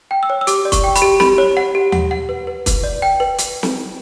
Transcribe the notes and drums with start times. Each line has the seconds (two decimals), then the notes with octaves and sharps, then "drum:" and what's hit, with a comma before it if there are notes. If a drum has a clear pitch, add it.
0.11 G5
0.23 E6
0.30 C#5
0.41 E6
0.47 G4 D6, drum: hi-hat
0.65 D5
0.72 C#6, drum: kick, hi-hat
0.84 G5
0.96 B5, drum: hi-hat
1.02 G4
1.20 G4 B5, drum: snare
1.38 C#5
1.57 F#5
1.75 G4
1.92 F#5, drum: tom D#2
2.11 F#5
2.29 B4
2.47 B4
2.66 B4, drum: kick, hi-hat
2.84 D5
3.02 G5
3.20 B4
3.39 drum: hi-hat
3.63 drum: snare